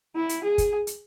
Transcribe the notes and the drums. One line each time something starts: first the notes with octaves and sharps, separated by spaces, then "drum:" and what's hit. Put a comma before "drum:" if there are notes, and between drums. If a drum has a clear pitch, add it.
E4
drum: hi-hat
G#4
drum: kick, hi-hat
drum: hi-hat